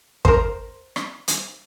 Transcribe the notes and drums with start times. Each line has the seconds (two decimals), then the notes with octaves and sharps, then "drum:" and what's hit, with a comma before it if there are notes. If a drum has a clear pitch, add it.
0.25 A#4 C5, drum: kick
0.96 drum: rim click
1.28 drum: hi-hat